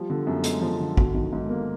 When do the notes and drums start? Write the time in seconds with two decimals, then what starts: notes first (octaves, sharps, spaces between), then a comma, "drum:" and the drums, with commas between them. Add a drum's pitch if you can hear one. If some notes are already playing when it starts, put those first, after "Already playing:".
Already playing: F3 G3
0.10 D3
0.27 F#2
0.44 G#3, drum: hi-hat
0.61 F3
0.79 D3
0.97 F#3, drum: kick
1.14 D#3
1.33 G#2
1.49 A#3